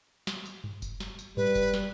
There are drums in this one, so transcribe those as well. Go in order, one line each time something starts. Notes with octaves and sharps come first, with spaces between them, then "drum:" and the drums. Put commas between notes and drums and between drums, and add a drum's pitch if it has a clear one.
drum: snare
drum: tambourine
drum: tom G2
drum: kick F1, tambourine
drum: snare
drum: tambourine
G3 B4, drum: tom G2
drum: kick F1, tambourine
drum: snare